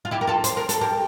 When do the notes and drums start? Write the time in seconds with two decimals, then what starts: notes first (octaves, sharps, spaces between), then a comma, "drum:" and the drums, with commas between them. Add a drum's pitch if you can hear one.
0.05 F4
0.11 E4 G4
0.21 A#4
0.27 F4 A4
0.44 C5, drum: hi-hat
0.57 A#4
0.69 A4, drum: hi-hat
0.81 G4 A#4